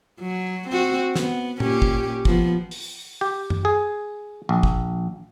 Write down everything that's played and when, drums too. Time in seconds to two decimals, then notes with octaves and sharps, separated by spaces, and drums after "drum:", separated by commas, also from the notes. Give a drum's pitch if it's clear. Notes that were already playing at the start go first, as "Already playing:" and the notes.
0.20 F#3
0.68 C4 F#4
1.15 B3, drum: snare
1.60 A#2 C#4 G4, drum: tom
1.82 drum: kick
2.25 F3 B3, drum: kick
2.71 drum: open hi-hat
3.21 G4
3.50 drum: tom F#2
3.65 G#4
4.49 A#1
4.63 drum: kick